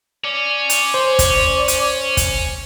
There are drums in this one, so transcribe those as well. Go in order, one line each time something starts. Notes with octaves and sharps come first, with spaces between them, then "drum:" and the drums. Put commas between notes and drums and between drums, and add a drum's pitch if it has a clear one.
C#4 D5
drum: hi-hat
C5
drum: kick, hi-hat
drum: hi-hat
drum: kick, hi-hat